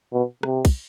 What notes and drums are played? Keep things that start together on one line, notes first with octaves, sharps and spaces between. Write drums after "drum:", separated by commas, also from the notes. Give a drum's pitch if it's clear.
B2
C3, drum: rim click
drum: kick, cymbal